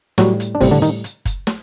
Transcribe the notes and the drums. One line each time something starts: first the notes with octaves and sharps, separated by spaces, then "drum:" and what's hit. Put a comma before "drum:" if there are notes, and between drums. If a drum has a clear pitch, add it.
A2 F#3 G3 F#4, drum: snare
drum: hi-hat
D4
A2 C3 G3 C4, drum: kick F#1, open hi-hat
D3 D4
D#3 D#4, drum: hi-hat
drum: hi-hat
drum: kick F#1, hi-hat
drum: snare